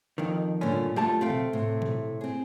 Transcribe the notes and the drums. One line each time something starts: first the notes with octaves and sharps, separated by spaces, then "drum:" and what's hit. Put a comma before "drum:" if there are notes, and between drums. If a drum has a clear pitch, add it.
F2 D#3
G2 A#2 D3 C#4
F#2 A3 F4 G4 A5
A3 C4 F5 G5
drum: tom A#2
A2 C3
drum: tom A#2
C4 G#4